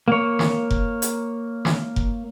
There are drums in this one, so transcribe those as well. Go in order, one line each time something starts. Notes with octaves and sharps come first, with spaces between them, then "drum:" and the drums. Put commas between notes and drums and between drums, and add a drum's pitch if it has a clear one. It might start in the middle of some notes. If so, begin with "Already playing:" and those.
A#3 C#5
drum: snare
drum: kick F1
drum: hi-hat
drum: snare
drum: kick F1